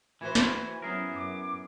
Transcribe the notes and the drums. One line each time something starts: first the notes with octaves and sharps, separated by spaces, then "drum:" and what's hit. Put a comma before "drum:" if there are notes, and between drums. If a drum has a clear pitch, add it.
E3 F#4 B4 C5 G#6
drum: snare
F#3 B3 C#4 E4 G#4 A#4
F#2 D6